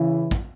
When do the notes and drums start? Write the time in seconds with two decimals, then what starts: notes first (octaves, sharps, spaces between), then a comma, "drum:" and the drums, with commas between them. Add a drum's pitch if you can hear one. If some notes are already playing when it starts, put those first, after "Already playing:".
Already playing: C#3 E3
0.31 drum: kick, hi-hat